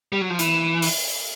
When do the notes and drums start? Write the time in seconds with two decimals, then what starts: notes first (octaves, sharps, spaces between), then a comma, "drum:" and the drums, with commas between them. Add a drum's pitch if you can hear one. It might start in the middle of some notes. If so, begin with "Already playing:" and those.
0.12 G3
0.21 F#3
0.30 F3
0.39 E3, drum: hi-hat
0.82 drum: open hi-hat